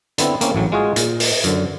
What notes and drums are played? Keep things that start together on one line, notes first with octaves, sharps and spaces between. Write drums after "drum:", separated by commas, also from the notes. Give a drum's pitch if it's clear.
D3 B3 C4 E4, drum: hi-hat
A#3 C4 C#4, drum: hi-hat
A1 A2 F#3
G#3 F4 F#4 G#4
A#2, drum: hi-hat
drum: open hi-hat
F#2 D3, drum: hi-hat